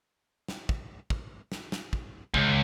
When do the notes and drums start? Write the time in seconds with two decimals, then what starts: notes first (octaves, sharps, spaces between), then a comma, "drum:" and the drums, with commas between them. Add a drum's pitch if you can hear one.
0.48 drum: snare
0.69 drum: kick
1.10 drum: kick
1.52 drum: snare
1.72 drum: snare
1.93 drum: kick
2.34 C#2, drum: kick